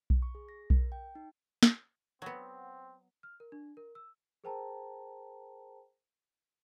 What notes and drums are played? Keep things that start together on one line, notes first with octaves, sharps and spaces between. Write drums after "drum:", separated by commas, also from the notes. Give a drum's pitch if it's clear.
drum: kick B1
C#6
G#4
A#6
A#4, drum: kick B1
G5
D#4
drum: snare
F#3 B3 C4
F6
A#4
D4
A#4
E6
G#4 A#4 C5 G5 A5 A#5